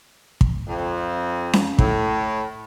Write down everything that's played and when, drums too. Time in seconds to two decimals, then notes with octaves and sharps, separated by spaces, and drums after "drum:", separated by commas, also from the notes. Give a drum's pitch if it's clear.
0.41 drum: kick
0.68 F2
1.53 drum: snare C#4
1.79 A2, drum: kick